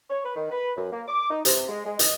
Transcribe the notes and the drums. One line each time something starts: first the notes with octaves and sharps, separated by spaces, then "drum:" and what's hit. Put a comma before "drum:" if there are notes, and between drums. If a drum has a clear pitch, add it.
C#5
B4
D#3
B4
F#2
A#3
D6
D#4
C3, drum: hi-hat
G#3
G#3
D#5, drum: hi-hat